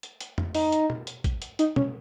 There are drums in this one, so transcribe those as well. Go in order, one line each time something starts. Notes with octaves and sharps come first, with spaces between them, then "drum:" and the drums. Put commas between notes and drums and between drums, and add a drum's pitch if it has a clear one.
drum: hi-hat
drum: hi-hat
drum: tom
D#4, drum: open hi-hat
drum: hi-hat
drum: tom
drum: hi-hat
drum: kick, hi-hat
drum: hi-hat
D#4, drum: hi-hat
C#4, drum: tom